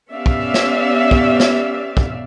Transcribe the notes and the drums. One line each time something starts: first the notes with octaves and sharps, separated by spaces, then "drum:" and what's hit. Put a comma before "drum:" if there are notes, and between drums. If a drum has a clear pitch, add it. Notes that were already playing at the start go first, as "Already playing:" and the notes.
B3 C#4 G4 D5 E5 F5
drum: kick
drum: snare
drum: kick
drum: snare
drum: kick